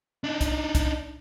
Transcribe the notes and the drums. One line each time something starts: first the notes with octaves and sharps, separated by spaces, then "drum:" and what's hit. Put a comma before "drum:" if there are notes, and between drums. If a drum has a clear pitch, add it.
D4 D#4
drum: kick, hi-hat
drum: kick, hi-hat